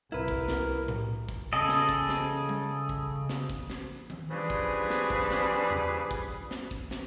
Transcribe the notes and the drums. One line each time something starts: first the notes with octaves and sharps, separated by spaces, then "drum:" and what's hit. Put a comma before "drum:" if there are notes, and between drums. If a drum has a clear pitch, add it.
C2 E4 A#4 B4
drum: kick
drum: snare
drum: tom A2
drum: kick
C#3 G#4 A4 D#5
drum: snare
drum: kick
drum: snare
drum: tom G3
drum: kick
drum: snare
drum: kick
drum: snare
drum: tom D#3
C#3 F3 G3 D4 G#4 B4
drum: kick
drum: snare
drum: kick
drum: snare
drum: tom E2
drum: kick
drum: snare
drum: kick
drum: snare